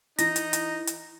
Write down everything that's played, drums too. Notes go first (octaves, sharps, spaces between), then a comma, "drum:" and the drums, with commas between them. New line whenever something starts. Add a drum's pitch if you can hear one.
E3 D#4 A#6, drum: hi-hat
drum: hi-hat
drum: hi-hat
drum: hi-hat